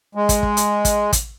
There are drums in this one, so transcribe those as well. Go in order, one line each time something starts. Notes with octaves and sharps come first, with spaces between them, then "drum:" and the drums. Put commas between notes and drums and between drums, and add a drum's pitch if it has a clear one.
G#3
drum: kick, hi-hat
drum: kick
drum: hi-hat
drum: kick, hi-hat
drum: kick, hi-hat